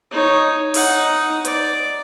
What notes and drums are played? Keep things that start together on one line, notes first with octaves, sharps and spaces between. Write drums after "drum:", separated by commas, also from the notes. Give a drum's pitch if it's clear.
D#4 C#5
D#4 F#5, drum: open hi-hat
D5, drum: hi-hat